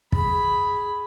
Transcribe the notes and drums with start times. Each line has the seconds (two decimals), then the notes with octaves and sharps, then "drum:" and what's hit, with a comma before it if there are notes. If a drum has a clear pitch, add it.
0.12 G#4 B5, drum: kick